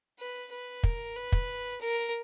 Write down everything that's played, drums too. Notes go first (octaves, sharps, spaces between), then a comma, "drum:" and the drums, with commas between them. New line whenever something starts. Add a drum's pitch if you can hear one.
B4
B4
A#4, drum: kick
B4
drum: kick
A#4